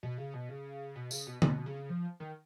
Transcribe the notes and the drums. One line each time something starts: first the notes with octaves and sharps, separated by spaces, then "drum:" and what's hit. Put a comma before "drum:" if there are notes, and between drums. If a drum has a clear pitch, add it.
B2
C#3
B2
C#3
B2
C#3, drum: tambourine
B2
B2, drum: tom
C#3
F3
D#3